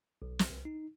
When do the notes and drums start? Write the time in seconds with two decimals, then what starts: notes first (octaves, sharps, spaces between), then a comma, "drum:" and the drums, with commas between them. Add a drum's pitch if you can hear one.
0.22 B1
0.39 drum: snare
0.50 C2
0.65 D#4